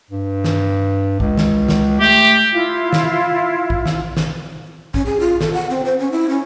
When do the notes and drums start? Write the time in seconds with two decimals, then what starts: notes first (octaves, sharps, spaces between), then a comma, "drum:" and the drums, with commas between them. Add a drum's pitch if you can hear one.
0.10 G2
0.44 drum: snare
1.20 C#2, drum: kick A#1
1.37 drum: snare
1.68 drum: snare
2.01 A3 G4
2.53 E4 F4
2.93 drum: snare
3.70 drum: kick A#1
3.86 drum: snare
4.17 drum: snare
4.94 C#4, drum: kick A#1
5.06 G#4
5.20 F4
5.41 A4, drum: snare
5.54 F#5
5.70 C4
5.85 C5
5.99 C#4
6.12 E4
6.29 C#4